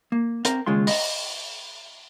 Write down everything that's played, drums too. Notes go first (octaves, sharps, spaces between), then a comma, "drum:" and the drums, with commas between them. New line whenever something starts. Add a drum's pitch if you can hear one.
A#3
C4 A#4, drum: hi-hat
D#2 C#3 G#3 F4 C6
D#5, drum: open hi-hat